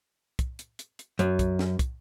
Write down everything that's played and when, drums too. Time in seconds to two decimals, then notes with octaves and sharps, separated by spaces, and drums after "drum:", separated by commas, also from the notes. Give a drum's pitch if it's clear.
0.39 drum: kick, hi-hat
0.59 drum: hi-hat
0.79 drum: hi-hat
0.99 drum: hi-hat
1.19 F#2, drum: hi-hat
1.39 drum: kick, hi-hat
1.59 drum: snare
1.79 drum: kick, hi-hat